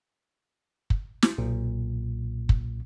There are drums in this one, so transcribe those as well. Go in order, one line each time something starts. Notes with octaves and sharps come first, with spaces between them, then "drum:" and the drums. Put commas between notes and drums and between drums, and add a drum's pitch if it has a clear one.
drum: kick
drum: snare
B1 A#2
drum: kick